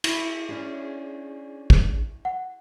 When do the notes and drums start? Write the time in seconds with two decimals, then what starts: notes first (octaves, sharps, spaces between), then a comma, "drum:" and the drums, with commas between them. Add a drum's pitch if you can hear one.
0.04 E4, drum: cymbal
0.49 C#4 D4 G#4
1.70 drum: kick
2.25 F#5